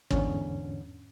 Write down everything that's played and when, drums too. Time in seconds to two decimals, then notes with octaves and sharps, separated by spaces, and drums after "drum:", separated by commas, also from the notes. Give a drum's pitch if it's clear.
0.11 E2 G#2 D3 C#4, drum: kick